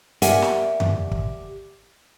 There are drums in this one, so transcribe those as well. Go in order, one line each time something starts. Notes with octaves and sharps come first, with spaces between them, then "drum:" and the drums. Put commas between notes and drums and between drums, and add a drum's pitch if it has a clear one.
G4 A#4 D5 E5 F#5 G#5, drum: hi-hat
drum: snare
drum: tom F2
drum: kick